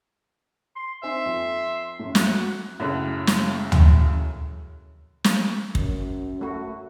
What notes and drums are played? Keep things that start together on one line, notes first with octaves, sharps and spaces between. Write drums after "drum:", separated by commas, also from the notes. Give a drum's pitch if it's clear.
C6
C4 D#4 E5 G#5 C6
F2
F#2 A2
F#3 A3 F#5, drum: snare
F#2 A2 C#3 F#6
drum: snare
drum: tom
drum: snare
F#2, drum: kick
A3 F#4